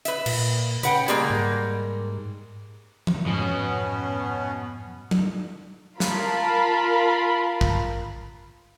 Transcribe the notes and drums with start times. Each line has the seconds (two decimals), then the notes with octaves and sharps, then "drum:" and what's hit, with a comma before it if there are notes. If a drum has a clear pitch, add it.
0.05 B4 E5, drum: hi-hat
0.26 A#2, drum: cymbal
0.83 C#3 B4 F#5 G5, drum: hi-hat
1.08 G3 G#3 A#3, drum: hi-hat
1.30 G#2
3.07 drum: tom E3
3.26 F2 G#2 B2 B3 C#4
5.11 drum: tom
6.00 F4 A#4 F5 A5 B5, drum: snare
7.61 drum: kick